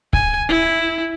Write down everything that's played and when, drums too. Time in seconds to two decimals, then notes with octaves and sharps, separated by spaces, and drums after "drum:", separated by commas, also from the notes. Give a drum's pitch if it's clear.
0.13 G#5, drum: kick C#1
0.49 E4